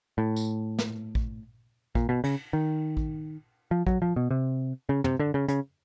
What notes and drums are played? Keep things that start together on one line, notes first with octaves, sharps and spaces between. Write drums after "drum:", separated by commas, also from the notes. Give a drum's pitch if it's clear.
A2
drum: tambourine
drum: snare
drum: kick A1
A#2, drum: kick A1
B2
C#3, drum: cymbal
D#3
drum: kick A1
F3
F#3, drum: kick A1
F3
B2
C3
C#3
C3, drum: tom
D3
C#3
C#3, drum: hi-hat